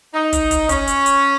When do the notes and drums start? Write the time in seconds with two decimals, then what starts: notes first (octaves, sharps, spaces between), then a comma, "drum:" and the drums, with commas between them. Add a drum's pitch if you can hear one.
0.14 D#4
0.33 drum: kick, hi-hat
0.51 drum: kick, hi-hat
0.69 C#4, drum: kick, hi-hat
0.87 drum: hi-hat
1.06 drum: hi-hat